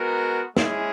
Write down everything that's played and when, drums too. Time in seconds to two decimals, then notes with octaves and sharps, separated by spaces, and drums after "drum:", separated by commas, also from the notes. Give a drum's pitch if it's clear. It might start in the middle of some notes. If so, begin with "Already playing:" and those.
Already playing: G#3 B3 F#4 A#4
0.57 G#3 C#4 E4 G#4, drum: snare